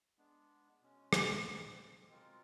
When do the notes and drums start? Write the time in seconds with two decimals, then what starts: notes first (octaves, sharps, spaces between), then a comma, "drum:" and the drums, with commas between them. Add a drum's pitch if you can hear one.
0.18 G#3 B3 D4
0.82 B2 G#3 C#4
1.13 drum: rim click
1.45 B2 G3 C4
2.08 B2 G#3 C4 F4 A#4